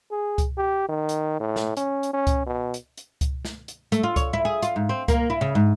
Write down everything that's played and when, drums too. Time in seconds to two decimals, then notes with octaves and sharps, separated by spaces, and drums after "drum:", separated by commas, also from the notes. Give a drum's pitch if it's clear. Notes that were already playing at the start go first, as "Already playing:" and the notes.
0.11 G#4
0.38 drum: kick C#2, hi-hat
0.58 G4
0.89 D#3
1.09 drum: hi-hat
1.40 A2
1.56 drum: snare
1.77 C#4, drum: hi-hat
2.03 drum: hi-hat
2.13 C#4
2.27 drum: kick C#2, hi-hat
2.46 B2
2.74 drum: hi-hat
2.97 drum: hi-hat
3.21 drum: kick C#2, hi-hat
3.45 drum: snare
3.68 drum: hi-hat
3.92 A3, drum: hi-hat
4.03 F4
4.16 C#5, drum: kick C#2, hi-hat
4.33 E4
4.45 G#4
4.62 F4, drum: hi-hat
4.76 G#2
4.89 C4
5.08 A#3, drum: kick C#2, hi-hat
5.30 E4
5.41 C#3
5.55 G#2